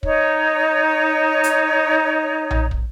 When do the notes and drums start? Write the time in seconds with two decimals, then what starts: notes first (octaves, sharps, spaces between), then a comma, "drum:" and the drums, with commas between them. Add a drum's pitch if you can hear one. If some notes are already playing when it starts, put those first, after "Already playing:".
0.03 D#4 C#5, drum: kick
1.44 drum: hi-hat
2.51 drum: tom A#1
2.71 drum: kick